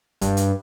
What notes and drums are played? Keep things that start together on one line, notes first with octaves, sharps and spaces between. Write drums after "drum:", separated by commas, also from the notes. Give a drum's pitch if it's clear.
G2, drum: kick D#1, hi-hat
drum: hi-hat